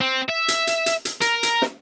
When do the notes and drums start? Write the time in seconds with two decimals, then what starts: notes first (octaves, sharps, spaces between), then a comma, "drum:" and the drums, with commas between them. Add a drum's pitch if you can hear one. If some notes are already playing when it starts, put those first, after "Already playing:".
0.01 C4
0.29 E5
0.48 drum: hi-hat
0.67 drum: hi-hat
0.86 drum: hi-hat
1.05 drum: hi-hat
1.21 A#4, drum: hi-hat
1.43 drum: hi-hat
1.62 drum: snare